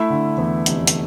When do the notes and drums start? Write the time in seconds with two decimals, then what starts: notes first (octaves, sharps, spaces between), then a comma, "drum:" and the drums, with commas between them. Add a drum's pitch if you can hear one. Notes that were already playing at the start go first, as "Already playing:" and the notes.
Already playing: A3 E4
0.10 D3
0.38 E2
0.66 F1, drum: hi-hat
0.87 drum: hi-hat